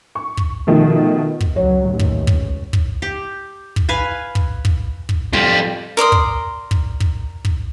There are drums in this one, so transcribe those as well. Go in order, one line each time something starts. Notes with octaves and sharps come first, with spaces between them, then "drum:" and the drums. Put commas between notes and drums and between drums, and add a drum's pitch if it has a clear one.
C#6
drum: kick
B2 D#3 F3 A3
drum: kick
C#2 F#3 C#5
A1 D#2
drum: kick
C#2, drum: kick
drum: kick
G4
drum: kick
B4 F5 G#5
drum: kick
drum: kick
drum: kick
F2 G3 F4
A#4 D5 C6 D#6
drum: kick
drum: kick
drum: kick
drum: kick